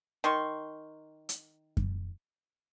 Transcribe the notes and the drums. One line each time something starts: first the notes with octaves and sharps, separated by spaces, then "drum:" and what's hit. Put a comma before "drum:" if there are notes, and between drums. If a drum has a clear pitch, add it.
D#3 C6 C#6
drum: hi-hat
drum: kick F#2